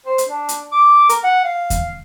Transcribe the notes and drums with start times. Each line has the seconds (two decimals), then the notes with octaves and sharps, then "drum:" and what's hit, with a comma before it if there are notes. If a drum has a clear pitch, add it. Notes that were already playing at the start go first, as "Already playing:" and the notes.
0.06 C5
0.18 drum: hi-hat
0.28 D4
0.49 drum: hi-hat
0.72 D6
1.09 A#4, drum: hi-hat
1.24 F#5
1.44 F5
1.70 drum: kick D#2, hi-hat